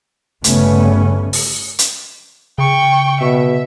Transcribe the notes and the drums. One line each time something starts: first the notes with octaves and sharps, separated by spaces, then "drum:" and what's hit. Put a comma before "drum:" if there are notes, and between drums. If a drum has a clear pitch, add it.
G1 C#3 G3 A3 B3 C#4, drum: hi-hat
drum: open hi-hat
drum: hi-hat
C#3 G5 C#6
B2 E5